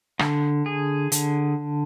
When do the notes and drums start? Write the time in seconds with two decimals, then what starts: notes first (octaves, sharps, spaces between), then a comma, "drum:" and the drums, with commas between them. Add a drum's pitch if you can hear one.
0.19 D3, drum: rim click
0.66 G#4
1.12 D3, drum: hi-hat